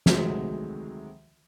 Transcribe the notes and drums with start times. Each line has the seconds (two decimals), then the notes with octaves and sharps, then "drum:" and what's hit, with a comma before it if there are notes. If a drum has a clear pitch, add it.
0.06 D2 C3 D#3 F#3 G#3 A3, drum: snare